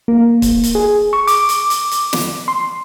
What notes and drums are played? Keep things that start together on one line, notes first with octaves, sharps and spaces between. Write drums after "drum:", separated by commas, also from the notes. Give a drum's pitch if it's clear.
A#3
drum: kick, hi-hat
drum: hi-hat
G#4
C#6
D6, drum: hi-hat
drum: hi-hat
drum: hi-hat
drum: hi-hat
drum: snare
C6